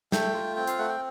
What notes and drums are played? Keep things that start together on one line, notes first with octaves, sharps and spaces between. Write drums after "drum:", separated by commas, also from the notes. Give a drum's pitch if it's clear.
A3 G5, drum: snare
F4
C4 G5
F5, drum: hi-hat
A3 F#5
G5